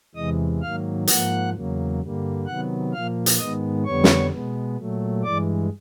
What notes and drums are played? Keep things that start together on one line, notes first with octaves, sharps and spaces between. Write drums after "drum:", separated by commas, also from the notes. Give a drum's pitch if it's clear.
E2 C3 E3 G#3 D#5 D#6
G#2 D#3 F#3 A#3 F5 F6
G#2 F3 A#3 F#5 F#6, drum: hi-hat
E2 C#3 F#3 A#3
G2 D3 G3 A#3
C3 D#3 F#3 B3 F#5 F#6
A#2 F3 A#3 F5 F6
drum: hi-hat
G#2 D#3 G#3 B3 D#5 D#6
F2 D3 G3 B3 C#5 C#6
drum: snare
B2 G#3 B3
A#2 F#3 A3
G2 E3 G#3 D5 D6